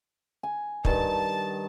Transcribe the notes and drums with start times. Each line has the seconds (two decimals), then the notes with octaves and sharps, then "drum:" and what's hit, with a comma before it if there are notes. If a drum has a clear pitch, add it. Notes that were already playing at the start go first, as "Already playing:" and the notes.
0.43 G#5
0.85 G2 D#3 A5, drum: kick